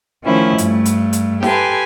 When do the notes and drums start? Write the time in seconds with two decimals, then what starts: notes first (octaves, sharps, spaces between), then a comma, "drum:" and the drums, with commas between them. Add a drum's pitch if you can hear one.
0.23 D#3 F3 A3 C#4 E4
0.58 G2 A3, drum: hi-hat
0.85 drum: hi-hat
1.13 drum: hi-hat
1.43 G4 A4 B4 G#5 C6, drum: snare